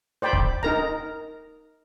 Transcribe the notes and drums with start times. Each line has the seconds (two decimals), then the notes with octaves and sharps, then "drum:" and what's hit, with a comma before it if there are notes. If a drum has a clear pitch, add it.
0.22 C5 D5 G5 B5
0.33 drum: kick C#1
0.63 D#4 A#4 A#5